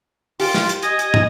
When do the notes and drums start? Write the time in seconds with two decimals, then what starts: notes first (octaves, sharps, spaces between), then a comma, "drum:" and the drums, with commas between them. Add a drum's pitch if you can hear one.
0.40 F4 G4, drum: open hi-hat
0.54 drum: snare
0.69 drum: hi-hat
0.83 D#5 G#5 D#6, drum: hi-hat
0.99 drum: hi-hat
1.14 drum: tom